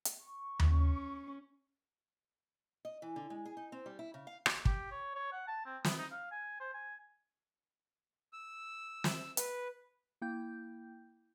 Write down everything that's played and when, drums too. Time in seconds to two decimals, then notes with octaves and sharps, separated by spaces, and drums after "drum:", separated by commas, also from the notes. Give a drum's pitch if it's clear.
0.05 drum: hi-hat
0.19 C#6
0.59 drum: tom D#2
0.69 C#4
2.85 D#5
3.02 E3
3.16 D3
3.30 G#3
3.45 G#4
3.57 D#4
3.72 C4
3.86 G3
3.99 E4
4.14 C#3
4.27 F5
4.46 drum: rim click
4.65 G4, drum: kick
4.91 C#5
5.15 C#5
5.32 F#5
5.47 A5
5.65 C4
5.84 B3, drum: snare
5.98 D#4
6.11 F5
6.31 G#5
6.60 C5
6.74 G#5
8.33 E6
9.04 drum: snare
9.37 B4, drum: hi-hat
10.22 A#3 E4 G5 G6